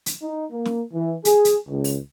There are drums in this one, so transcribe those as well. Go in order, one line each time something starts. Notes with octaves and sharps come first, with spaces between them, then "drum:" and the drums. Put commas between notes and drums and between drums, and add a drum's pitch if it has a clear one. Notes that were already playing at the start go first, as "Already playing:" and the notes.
drum: hi-hat
D#4
A#3
drum: snare
E3
G#4, drum: hi-hat
drum: hi-hat
C#2
drum: open hi-hat